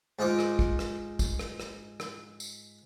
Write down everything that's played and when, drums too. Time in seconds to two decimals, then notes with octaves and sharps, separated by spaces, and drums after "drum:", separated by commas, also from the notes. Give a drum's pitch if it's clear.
0.19 G#2 D#4 F4 D6
0.39 drum: rim click
0.59 drum: kick
0.79 drum: rim click
1.19 drum: kick, tambourine
1.39 drum: rim click
1.60 drum: rim click
2.00 drum: rim click
2.40 drum: tambourine